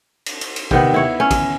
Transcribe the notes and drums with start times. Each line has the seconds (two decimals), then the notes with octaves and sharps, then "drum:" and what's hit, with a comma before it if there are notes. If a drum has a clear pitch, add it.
0.26 drum: cymbal
0.41 drum: cymbal
0.56 drum: cymbal
0.71 C3 D#3 B3, drum: kick
0.94 E4 C#5
1.20 C#4
1.31 drum: kick, cymbal